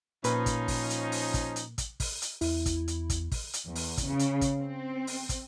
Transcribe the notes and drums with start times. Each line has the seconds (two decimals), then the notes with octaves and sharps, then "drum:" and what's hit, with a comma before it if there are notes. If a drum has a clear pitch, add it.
0.24 A#2 F3 C#4 D#4 B4, drum: hi-hat
0.46 drum: kick, hi-hat
0.68 drum: kick, open hi-hat
0.90 drum: hi-hat
1.12 drum: open hi-hat
1.34 drum: kick, hi-hat
1.56 drum: hi-hat
1.78 drum: kick, hi-hat
2.00 drum: kick, open hi-hat
2.22 drum: hi-hat
2.41 E2 E4, drum: open hi-hat
2.66 drum: kick, hi-hat
2.88 drum: hi-hat
3.10 drum: kick, hi-hat
3.32 drum: kick, open hi-hat
3.53 drum: hi-hat
3.66 E2
3.75 drum: open hi-hat
3.97 drum: kick, hi-hat
4.07 C#3
4.19 drum: hi-hat
4.41 drum: kick, hi-hat
4.60 C4
5.07 drum: open hi-hat
5.29 drum: kick, hi-hat